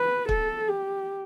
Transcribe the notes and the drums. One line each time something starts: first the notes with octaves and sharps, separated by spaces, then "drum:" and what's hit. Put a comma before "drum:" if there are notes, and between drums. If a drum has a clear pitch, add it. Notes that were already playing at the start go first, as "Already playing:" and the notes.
Already playing: B4
A4, drum: kick
G4